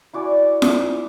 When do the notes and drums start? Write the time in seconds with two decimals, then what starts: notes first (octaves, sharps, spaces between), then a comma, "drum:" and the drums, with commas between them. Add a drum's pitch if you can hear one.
0.13 E4 F#4 D5 G#5
0.62 drum: snare F4